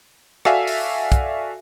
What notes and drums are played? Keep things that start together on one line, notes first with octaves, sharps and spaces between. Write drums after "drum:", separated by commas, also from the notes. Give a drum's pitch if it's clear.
F#4 A4 D5 E5 F5 G#5, drum: rim click
drum: open hi-hat
drum: kick, hi-hat